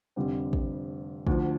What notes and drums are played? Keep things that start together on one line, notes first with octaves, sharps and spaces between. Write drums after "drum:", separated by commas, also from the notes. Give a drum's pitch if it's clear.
F1 F2 D3 G3 C4
drum: kick
D2 D3 F3, drum: kick